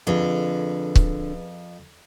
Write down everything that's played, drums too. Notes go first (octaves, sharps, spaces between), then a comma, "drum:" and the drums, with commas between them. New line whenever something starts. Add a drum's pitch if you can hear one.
F2 D3 G#4 B4
drum: kick C#1